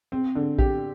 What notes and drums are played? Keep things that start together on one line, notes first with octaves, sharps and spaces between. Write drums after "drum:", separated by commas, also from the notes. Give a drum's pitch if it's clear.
C4
D3
G4, drum: kick A#1